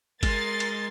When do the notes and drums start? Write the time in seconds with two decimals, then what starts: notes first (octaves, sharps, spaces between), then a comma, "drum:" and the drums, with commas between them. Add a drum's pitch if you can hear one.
0.23 G#3 A#4 C6 A6, drum: kick, cymbal
0.60 drum: cymbal